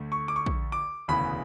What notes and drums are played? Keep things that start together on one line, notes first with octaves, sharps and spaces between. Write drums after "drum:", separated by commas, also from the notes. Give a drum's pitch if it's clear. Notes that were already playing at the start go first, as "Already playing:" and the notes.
Already playing: D2 D3 A3
C#6
D6
C#6
drum: kick A#1
D6
E1 D2 C#3 E3 B3 B5